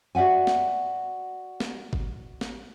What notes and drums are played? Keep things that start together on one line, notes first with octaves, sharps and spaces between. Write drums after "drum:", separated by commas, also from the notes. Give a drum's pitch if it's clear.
F#4 D5 E5 F#5 G#5
drum: snare
drum: snare
drum: kick
drum: snare